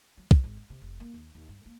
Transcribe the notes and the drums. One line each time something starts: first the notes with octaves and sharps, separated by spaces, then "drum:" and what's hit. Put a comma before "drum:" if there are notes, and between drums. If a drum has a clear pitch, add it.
F#3
F3, drum: kick
G#1
G2
C3
F1
A#3
D#2
D#2
G2
A#3